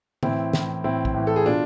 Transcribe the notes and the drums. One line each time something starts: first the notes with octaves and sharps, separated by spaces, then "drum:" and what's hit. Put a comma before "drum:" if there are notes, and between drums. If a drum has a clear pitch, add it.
A2 E3 C4 E4, drum: tom D3
A2 E3, drum: snare
A2 E3 C4 E4
drum: kick
A2 E3
A4
G#4
B2 D4 F4